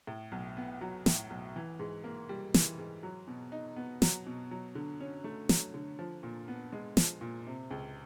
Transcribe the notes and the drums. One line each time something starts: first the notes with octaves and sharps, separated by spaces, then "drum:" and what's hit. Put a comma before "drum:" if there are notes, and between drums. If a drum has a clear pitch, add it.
A2
B1
B3
F#3
A2, drum: snare
B1
E3
G#2
A#3
G3
E3, drum: snare
G#2
F#3
B2
D#4
B3
F#3, drum: snare
B2
F#3
D3
C#4
A3
F#3, drum: snare
D3
F3
A#2
B3
G#3
F3, drum: snare
A#2
C3
C#2